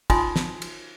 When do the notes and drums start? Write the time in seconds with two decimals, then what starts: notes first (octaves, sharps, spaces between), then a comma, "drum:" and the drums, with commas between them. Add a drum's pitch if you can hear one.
0.10 D#4 F4 G#5 C6 D#6, drum: kick, cymbal
0.36 drum: snare
0.62 drum: cymbal